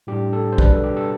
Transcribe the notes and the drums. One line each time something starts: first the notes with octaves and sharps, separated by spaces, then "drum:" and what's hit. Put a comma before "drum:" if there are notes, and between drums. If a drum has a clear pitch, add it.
A2 G3 D4 G4
A4
C5
B2 G3 D4 B4, drum: kick
A4
G4
A4